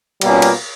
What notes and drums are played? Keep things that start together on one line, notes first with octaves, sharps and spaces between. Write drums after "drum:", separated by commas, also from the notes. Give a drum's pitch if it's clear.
B2 G3 A#3 C#4 F4, drum: cymbal
drum: cymbal